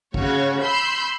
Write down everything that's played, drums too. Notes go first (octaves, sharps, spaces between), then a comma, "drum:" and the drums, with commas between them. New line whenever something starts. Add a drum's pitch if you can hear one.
C#3 F#4 C#5, drum: kick
B5 C6 E6 G6